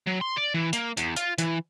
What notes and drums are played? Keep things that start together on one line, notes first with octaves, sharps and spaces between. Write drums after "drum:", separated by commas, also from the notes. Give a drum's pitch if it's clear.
F#3
C6
D5
E3
A#3, drum: hi-hat
E2, drum: hi-hat
F4, drum: hi-hat
E3, drum: hi-hat